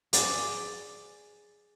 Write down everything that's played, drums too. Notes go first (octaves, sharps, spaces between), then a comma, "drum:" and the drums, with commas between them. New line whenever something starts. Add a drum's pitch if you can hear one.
G#4 D5, drum: hi-hat